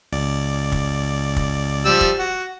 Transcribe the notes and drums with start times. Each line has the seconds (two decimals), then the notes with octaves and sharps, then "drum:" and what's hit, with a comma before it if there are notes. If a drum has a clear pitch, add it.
0.12 C#2 D5
0.72 drum: kick
1.36 drum: kick
1.85 F3 G3 E6
2.01 drum: kick
2.19 F#4